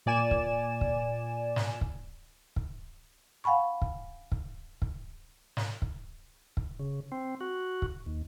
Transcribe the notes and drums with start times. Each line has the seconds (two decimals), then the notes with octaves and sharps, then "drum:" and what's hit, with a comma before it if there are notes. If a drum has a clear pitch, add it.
0.06 A#2 D5 G#5 E7
0.31 drum: kick
0.81 drum: kick
1.56 drum: snare
1.81 drum: kick
2.56 drum: kick
3.44 F5 F#5 G#5 B5 C#6
3.82 drum: kick
4.32 drum: kick
4.82 drum: kick
5.57 drum: snare
5.82 drum: kick
6.57 drum: kick
6.79 C#3
7.12 C4
7.41 F#4
7.82 drum: kick
8.06 D#2